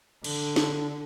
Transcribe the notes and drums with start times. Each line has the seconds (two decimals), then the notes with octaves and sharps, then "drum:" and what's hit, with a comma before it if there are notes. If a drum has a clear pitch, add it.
0.24 D3, drum: cymbal
0.56 drum: snare D4